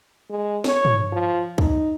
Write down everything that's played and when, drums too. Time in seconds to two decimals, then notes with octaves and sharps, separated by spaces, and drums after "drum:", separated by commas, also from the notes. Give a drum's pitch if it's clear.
0.30 G#3
0.64 C#5, drum: snare
0.85 drum: tom
1.12 F3
1.58 D#4, drum: kick C2